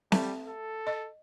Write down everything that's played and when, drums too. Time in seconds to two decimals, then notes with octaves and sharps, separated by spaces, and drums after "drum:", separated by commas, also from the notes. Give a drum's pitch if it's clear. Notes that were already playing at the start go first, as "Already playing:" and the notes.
0.12 G3 A3, drum: snare C4
0.47 A4
0.87 D#5